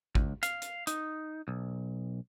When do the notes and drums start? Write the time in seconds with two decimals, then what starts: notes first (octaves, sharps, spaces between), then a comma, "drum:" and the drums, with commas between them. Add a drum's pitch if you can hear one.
0.15 C#2, drum: kick
0.43 F5, drum: hi-hat
0.62 drum: hi-hat
0.87 D#4, drum: hi-hat
1.48 B1